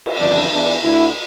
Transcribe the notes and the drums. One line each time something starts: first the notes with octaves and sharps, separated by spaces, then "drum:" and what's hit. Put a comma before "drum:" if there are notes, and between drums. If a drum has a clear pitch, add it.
drum: cymbal
G1 F2 C#3 E3 D4
E2 E3 D4
D2 D3 E4